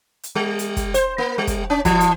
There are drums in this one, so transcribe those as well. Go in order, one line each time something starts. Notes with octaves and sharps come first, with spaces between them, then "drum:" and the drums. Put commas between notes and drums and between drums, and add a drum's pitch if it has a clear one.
drum: hi-hat
G3
drum: hi-hat
drum: kick, hi-hat
C5, drum: hi-hat
A#3
G3
drum: kick, hi-hat
C#4
E3, drum: kick, hi-hat
drum: hi-hat